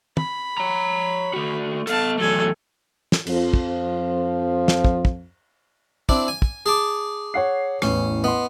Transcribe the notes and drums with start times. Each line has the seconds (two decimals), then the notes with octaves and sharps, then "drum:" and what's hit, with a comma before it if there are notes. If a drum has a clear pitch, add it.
0.17 B5, drum: tom
0.58 C#5 A#5
1.33 A3 F#4
1.87 B3 A4 F5 A5, drum: hi-hat
2.18 E2 F#3 A3 A4 G#5
3.12 drum: snare
3.27 F2 F3, drum: cymbal
3.54 drum: kick
4.68 drum: snare
4.84 drum: kick
5.05 drum: kick
6.09 C4 D4 E4, drum: kick
6.28 G#5
6.42 drum: kick
6.66 G#4 A5 D6
7.34 C#5 F#5 C7
7.82 A1 E2 C#4, drum: rim click
8.24 B3 D#5 C6